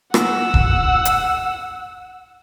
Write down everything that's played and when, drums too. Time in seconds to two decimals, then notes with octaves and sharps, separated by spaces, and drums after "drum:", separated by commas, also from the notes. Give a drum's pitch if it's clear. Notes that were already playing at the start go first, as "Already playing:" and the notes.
0.14 F#5 E6, drum: rim click
0.54 drum: kick E1
1.05 drum: hi-hat